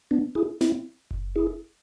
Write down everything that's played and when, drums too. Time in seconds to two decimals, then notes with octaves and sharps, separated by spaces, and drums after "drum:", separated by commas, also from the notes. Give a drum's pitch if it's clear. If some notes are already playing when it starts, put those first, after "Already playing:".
0.11 B3 D4
0.35 E4 G#4
0.61 C4 E4, drum: snare
1.11 drum: kick F#1
1.36 E4 G#4